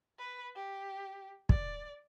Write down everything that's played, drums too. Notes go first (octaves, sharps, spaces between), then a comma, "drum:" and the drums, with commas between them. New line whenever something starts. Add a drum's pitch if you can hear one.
B4
G4
D5, drum: kick